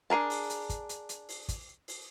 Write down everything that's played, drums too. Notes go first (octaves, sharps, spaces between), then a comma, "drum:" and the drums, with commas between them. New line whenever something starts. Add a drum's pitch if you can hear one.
D4 G#4 A#4 A5
drum: open hi-hat
drum: hi-hat
drum: kick, hi-hat
drum: hi-hat
drum: hi-hat
drum: open hi-hat
drum: kick, hi-hat
drum: open hi-hat